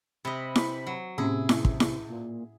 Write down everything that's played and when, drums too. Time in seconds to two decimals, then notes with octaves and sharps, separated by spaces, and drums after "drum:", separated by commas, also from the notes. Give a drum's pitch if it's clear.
0.25 C3 D#5 B5
0.56 drum: snare E4
0.87 F#3
1.18 A2 C3 A#3 C#4 E4 G#4
1.49 drum: snare E4
1.65 drum: kick
1.80 drum: snare E4
2.09 A#2